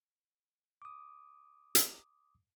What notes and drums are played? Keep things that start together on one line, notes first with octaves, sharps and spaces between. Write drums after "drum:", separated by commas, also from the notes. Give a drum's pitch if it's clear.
D6 D#6
drum: hi-hat